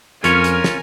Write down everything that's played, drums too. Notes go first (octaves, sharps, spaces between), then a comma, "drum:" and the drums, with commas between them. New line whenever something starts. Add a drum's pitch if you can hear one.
F2 C#4 F4 A#4 C#5 G#5, drum: hi-hat
drum: hi-hat
drum: snare